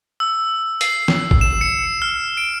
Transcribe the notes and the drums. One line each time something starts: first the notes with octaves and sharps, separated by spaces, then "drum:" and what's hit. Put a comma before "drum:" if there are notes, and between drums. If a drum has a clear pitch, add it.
E6
C7, drum: hi-hat
drum: snare
drum: kick G#1
E7
C#7
F6
D7